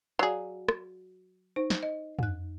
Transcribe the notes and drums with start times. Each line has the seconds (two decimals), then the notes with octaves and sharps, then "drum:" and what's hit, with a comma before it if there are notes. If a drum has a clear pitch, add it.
0.19 F#3 F#4 G#4 D5 F5
0.68 drum: rim click
1.56 D#4 C5
1.70 drum: snare
1.83 D#5
2.19 F2 F#6, drum: tom